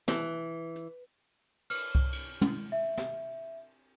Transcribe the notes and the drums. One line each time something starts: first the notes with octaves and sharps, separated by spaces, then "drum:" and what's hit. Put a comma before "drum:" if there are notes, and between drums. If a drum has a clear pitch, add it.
E3, drum: snare
drum: hi-hat
F6, drum: cymbal
drum: kick C2
drum: cymbal
drum: tom
E5
drum: snare